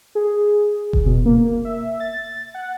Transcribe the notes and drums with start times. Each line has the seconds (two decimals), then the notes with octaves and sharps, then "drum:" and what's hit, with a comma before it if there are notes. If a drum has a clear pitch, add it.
0.15 G#4
0.93 drum: kick F1
1.06 B2
1.26 A#3
1.65 E5
2.00 A6
2.54 F#5